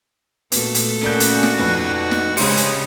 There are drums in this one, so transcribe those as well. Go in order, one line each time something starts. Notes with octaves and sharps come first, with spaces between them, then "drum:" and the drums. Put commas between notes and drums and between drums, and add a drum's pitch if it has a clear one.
A#2 A3 B3 F#4 A4, drum: hi-hat
drum: hi-hat
C#3 F#4 A#4 D5 G6
drum: hi-hat
drum: snare
F2 D#4 B4 D5
F#4
drum: snare
C#3 G#3 G4 G#4 B4 C5 B5 C#7, drum: open hi-hat
drum: hi-hat